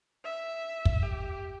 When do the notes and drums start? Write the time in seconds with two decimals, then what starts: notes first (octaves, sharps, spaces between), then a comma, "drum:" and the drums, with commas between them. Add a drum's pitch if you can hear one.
0.24 E5
0.85 drum: kick
1.03 G4